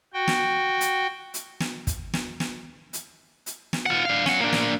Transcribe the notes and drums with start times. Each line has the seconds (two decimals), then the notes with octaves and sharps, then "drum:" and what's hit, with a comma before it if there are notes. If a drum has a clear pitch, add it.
0.14 F#4 G5
0.28 drum: snare
0.81 drum: hi-hat
1.34 drum: hi-hat
1.60 drum: snare
1.87 drum: kick, hi-hat
2.13 drum: snare
2.40 drum: snare
2.93 drum: hi-hat
3.46 drum: hi-hat
3.73 drum: snare
3.86 F4 F#5
4.05 D4 F5
4.26 C#4 F#5, drum: snare
4.40 A#3 D4
4.53 drum: snare